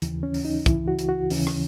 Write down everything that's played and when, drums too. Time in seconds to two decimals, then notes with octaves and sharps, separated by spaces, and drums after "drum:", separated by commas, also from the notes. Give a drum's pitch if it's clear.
0.02 D#2 C#3 E3, drum: hi-hat
0.23 C#4
0.34 drum: open hi-hat
0.45 D#4
0.66 C#2 C#3 E3 E4, drum: kick, hi-hat
0.88 F#4
0.99 drum: hi-hat
1.09 F#4
1.30 D#2 C#3 E3 C#4, drum: open hi-hat
1.47 drum: rim click